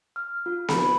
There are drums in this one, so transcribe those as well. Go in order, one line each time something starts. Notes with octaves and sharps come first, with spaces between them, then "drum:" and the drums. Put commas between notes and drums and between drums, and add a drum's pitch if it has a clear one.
F6
F4
B5, drum: snare B3